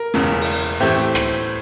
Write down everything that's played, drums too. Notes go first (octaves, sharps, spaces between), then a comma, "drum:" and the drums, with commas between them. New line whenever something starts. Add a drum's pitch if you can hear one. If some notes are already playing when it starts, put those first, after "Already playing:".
Already playing: A#4
E1 E2 C#3, drum: snare
drum: open hi-hat
A2 E3 A3 C4 G4
drum: rim click